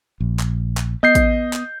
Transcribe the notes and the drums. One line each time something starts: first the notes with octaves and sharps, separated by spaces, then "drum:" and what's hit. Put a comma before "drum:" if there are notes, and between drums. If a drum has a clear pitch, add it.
A#1
drum: clap
drum: clap
B3 D#5 G6 C7
drum: kick A1, hi-hat
drum: clap